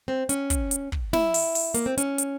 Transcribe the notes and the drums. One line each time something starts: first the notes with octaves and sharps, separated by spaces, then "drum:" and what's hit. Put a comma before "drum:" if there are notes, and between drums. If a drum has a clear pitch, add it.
C4
C#4, drum: hi-hat
drum: kick, hi-hat
drum: hi-hat
drum: kick
E4, drum: snare
drum: open hi-hat
drum: open hi-hat
A#3, drum: hi-hat
C4
C#4, drum: hi-hat
drum: hi-hat